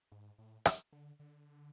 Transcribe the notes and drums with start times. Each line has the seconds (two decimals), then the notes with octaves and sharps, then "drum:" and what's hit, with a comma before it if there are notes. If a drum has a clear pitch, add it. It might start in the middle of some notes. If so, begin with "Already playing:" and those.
0.12 G#2
0.38 A2
0.65 drum: rim click
0.93 D3
1.19 D3